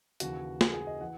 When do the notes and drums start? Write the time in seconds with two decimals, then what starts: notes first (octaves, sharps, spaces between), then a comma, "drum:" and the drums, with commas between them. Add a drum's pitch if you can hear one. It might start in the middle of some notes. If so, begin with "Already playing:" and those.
0.20 D#2 C#3 E3 F#4, drum: hi-hat
0.61 G#4, drum: snare
0.74 G#4
0.87 D#5
1.00 E3 F#5